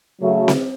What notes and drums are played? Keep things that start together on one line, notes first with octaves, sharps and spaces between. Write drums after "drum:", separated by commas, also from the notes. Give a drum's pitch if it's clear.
C#3 F#3 A3
drum: snare C4